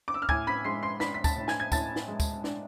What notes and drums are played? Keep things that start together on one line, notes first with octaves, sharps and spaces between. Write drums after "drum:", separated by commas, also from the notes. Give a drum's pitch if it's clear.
D6
E6
F6
A2 G#5 G#6, drum: kick
B5 B6
G#3 C6 C7
C6 C7
D4 B5 B6, drum: snare
B6
A5 A6, drum: kick, tambourine
A2
G#5 G#6, drum: snare
G#6
A2 A5 A6, drum: kick, tambourine
drum: snare
G#3
drum: kick, tambourine
D4, drum: snare